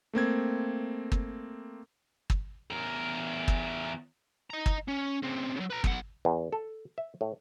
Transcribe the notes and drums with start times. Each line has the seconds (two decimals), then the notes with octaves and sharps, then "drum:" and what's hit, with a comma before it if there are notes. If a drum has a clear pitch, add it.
0.13 A3 A#3 C4 G#6
1.12 drum: kick
2.30 drum: kick
2.71 E2 A#4
3.48 drum: kick
4.50 D#5 A#5
4.66 drum: kick
4.88 C#4
5.23 C#3 C4
5.56 C#3 F#3
5.70 B4 A#5
5.84 B1 F#5, drum: kick
6.25 E2
6.53 A4
6.98 E5
7.21 A2